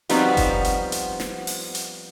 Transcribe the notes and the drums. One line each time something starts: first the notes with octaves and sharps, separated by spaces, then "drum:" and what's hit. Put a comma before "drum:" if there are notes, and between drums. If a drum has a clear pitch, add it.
F3 G3 B3 C4 D#4 F#4, drum: hi-hat
drum: kick F#1, hi-hat
drum: hi-hat
drum: hi-hat
drum: snare
drum: open hi-hat
drum: hi-hat